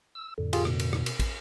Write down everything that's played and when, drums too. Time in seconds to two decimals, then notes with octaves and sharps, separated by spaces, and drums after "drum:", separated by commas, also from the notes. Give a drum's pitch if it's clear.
0.15 E6
0.38 F2 A2 D3
0.53 F4 G4 G#4, drum: cymbal
0.65 B2, drum: rim click
0.80 drum: cymbal
0.93 drum: rim click
1.06 drum: cymbal
1.20 drum: kick, cymbal